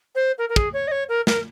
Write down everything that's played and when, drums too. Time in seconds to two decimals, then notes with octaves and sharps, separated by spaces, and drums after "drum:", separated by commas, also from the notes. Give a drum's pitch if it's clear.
0.15 C5
0.38 A#4
0.49 A#4
0.56 G#4, drum: kick
0.73 C#5
0.87 D#5
0.91 C#5
1.09 A#4
1.27 A#4, drum: snare